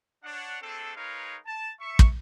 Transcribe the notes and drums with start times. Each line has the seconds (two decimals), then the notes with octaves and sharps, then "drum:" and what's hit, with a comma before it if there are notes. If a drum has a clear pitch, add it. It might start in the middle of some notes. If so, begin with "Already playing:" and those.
0.24 D4 C#5 F#5
0.62 A3 C4 D4 G#4 A4
0.96 G#3 D#4 A#4 B4 C#5 F5
1.46 A5
1.80 E5 C#6
1.99 drum: kick